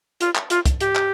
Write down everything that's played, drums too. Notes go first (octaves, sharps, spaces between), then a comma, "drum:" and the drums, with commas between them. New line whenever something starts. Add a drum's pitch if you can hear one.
F4, drum: hi-hat
drum: clap
F4, drum: hi-hat
drum: kick C2, hi-hat
G4, drum: hi-hat
drum: clap